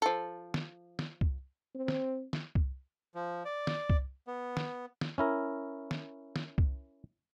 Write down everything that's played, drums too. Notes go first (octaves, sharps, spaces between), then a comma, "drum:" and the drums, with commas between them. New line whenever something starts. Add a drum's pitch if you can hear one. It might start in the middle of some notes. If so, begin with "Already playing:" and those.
F3 A4
drum: snare
drum: snare
drum: kick C2
C4
drum: snare
drum: snare
drum: kick C2
F3
D5
drum: snare
drum: kick C2
B3
drum: snare
drum: snare
C#4 E4 A#4
drum: snare
drum: snare
drum: kick C2